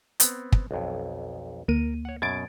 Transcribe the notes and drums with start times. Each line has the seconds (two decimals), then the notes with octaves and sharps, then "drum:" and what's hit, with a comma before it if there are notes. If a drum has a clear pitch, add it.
0.20 B3 C4, drum: hi-hat
0.52 drum: kick
0.71 B1 F2
1.68 D2 A#3 A#4 D#7
2.05 C#5 F#5
2.22 F#2 B2 G#6 A6 D7